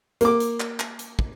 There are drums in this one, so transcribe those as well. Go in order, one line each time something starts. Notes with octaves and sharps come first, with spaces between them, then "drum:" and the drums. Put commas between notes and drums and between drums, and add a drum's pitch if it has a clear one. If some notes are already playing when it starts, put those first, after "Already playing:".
A#3 D6, drum: hi-hat
drum: hi-hat
drum: clap
drum: clap
drum: hi-hat
drum: kick